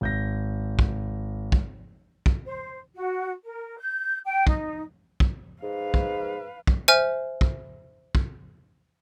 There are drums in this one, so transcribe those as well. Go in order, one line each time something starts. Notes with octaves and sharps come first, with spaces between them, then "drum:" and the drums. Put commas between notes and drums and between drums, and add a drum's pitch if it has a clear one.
G#1 G6 A#6
drum: kick
drum: kick
drum: kick
C5
F#4
A#4
G6
G5
D#4, drum: kick
drum: kick
G#2 B4 F5
drum: kick
drum: kick
C5 E5 G#5 F6
drum: kick
drum: kick